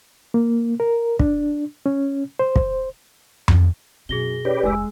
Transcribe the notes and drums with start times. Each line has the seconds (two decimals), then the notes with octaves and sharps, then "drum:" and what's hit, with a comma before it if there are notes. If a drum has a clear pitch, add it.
0.34 A#3
0.80 A#4
1.19 D4, drum: kick
1.86 C#4
2.39 C5
2.56 drum: kick
3.48 drum: tom F2
4.09 F#2 B2 G#4 A#6 G7
4.45 C#4 G4 B4 D5
4.63 F1 D#2 G#3 G#5 E6